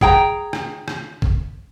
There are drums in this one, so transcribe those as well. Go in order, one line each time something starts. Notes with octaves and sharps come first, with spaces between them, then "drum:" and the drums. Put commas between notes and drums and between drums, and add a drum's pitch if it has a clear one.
G#4 G5 A#5, drum: kick G#1
drum: rim click
drum: rim click
drum: kick G#1